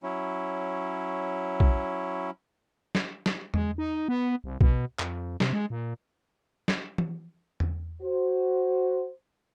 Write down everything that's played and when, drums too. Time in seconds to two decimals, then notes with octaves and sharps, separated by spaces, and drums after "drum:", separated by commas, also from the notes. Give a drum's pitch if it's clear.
0.03 F#3 C#4 E4
1.60 drum: kick A#1
2.95 drum: snare
3.26 drum: snare
3.54 G#3, drum: tom E2
3.78 D#4
4.08 B3
4.44 C2
4.61 B2, drum: kick A#1
4.99 F2, drum: clap
5.40 C3, drum: snare
5.53 G#3
5.70 A#2
6.68 drum: snare
6.98 drum: tom E3
7.60 drum: tom E2
8.02 F#4 C5